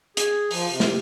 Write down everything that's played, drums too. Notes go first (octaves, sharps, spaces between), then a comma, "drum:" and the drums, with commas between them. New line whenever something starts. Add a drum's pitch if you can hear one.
G#4, drum: hi-hat
F3, drum: open hi-hat
C3
drum: snare